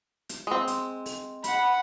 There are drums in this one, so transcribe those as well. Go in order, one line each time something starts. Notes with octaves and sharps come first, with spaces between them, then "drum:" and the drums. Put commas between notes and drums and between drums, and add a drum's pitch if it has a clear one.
drum: hi-hat
G#3 C4
drum: hi-hat
drum: open hi-hat
F#5 B5, drum: hi-hat